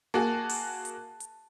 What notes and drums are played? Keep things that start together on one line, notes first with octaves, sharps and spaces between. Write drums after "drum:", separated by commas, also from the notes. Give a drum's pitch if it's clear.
A#3 F#4 G#4 A5
drum: open hi-hat
drum: hi-hat
drum: hi-hat